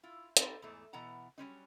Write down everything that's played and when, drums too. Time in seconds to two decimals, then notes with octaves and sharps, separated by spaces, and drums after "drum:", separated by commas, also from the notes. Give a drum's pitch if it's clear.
0.03 E4 F4
0.37 C4 D#4 G4 A4 B4, drum: hi-hat
0.62 E2 G#2 E3 A3
0.93 B2 E3 B3 F#5 A#5
1.38 F#3 G3 C#4 D#4